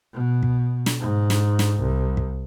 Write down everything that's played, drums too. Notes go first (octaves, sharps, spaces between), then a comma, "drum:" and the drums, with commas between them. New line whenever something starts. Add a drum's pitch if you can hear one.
B2
drum: kick
drum: snare
G#2
drum: snare
drum: snare
C2
drum: kick